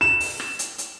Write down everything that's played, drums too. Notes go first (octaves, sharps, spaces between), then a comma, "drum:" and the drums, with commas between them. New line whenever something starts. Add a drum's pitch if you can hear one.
E7
drum: open hi-hat
drum: rim click
drum: hi-hat
drum: hi-hat